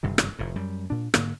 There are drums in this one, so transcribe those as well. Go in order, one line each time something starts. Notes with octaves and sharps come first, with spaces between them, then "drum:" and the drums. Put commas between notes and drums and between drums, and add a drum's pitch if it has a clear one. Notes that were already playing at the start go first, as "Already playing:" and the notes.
F#1 G2 C3 D#3
drum: rim click
F1 A2
F#2 G3
A#2 D4
G#2 D3 A#3, drum: rim click